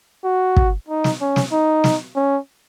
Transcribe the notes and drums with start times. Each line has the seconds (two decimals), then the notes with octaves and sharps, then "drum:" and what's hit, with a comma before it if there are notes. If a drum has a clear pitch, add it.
0.24 F#4
0.57 drum: kick
0.89 D#4
1.04 drum: snare
1.21 C#4
1.36 drum: snare
1.52 D#4
1.84 drum: snare
2.16 C#4